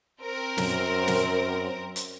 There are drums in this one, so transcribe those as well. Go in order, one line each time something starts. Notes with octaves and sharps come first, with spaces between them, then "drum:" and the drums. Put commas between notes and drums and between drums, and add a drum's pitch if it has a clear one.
C4 A#4 C5
F#2, drum: snare
drum: snare
drum: hi-hat